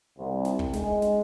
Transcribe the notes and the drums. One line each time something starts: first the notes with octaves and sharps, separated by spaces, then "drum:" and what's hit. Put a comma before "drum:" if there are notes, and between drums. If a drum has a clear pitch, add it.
C2
drum: snare
drum: kick
G#3, drum: snare
drum: snare